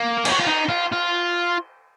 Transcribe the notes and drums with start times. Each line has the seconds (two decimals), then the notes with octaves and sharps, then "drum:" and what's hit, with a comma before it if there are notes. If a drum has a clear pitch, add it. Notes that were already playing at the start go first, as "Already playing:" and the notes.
Already playing: A#3
0.18 A#4
0.25 G#4, drum: cymbal
0.32 F#4
0.40 F4
0.47 D#4
0.69 F4
0.92 F4